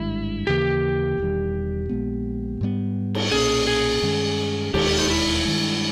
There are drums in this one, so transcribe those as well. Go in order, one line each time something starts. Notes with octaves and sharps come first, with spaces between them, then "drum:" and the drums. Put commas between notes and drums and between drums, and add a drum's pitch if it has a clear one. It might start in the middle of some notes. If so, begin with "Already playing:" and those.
Already playing: G#1 G2 D#3 G#3 E4
D#2 C#3 E3 A#3 G4
E1 E2 D#3 G3
A#1 A#2 G#3 B3
G#2 G3 B3
drum: cymbal
B1 A#2 A#3 C#4 G#4
G#4
G2 D#3 G#3 C#4
E1 D#2 D#3 G#3 G4, drum: cymbal
D#4
E4
G2 D#3 G#3